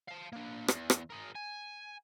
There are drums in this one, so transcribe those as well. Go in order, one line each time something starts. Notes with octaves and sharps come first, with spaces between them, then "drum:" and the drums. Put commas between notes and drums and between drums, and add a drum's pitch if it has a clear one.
F5 A5
A#3 D4
E2, drum: rim click
drum: rim click
G#4 A#4
G#5